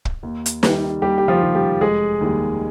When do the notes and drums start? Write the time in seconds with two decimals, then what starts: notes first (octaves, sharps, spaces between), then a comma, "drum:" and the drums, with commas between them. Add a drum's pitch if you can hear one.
0.05 drum: kick
0.23 D#2
0.46 drum: hi-hat
0.63 D#3 G3, drum: snare
1.02 D#2 G3 G4
1.18 G4
1.28 F3 F4
1.42 D#3 G3
1.55 G3 G4
1.81 F1 G#3 G#4
2.21 D#2 D#3 G3